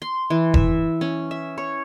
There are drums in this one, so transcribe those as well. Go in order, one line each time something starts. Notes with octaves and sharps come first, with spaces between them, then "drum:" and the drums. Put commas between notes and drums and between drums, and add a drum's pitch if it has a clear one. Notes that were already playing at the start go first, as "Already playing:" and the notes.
C6
E3
E5, drum: kick E1
C#4
E5
C#5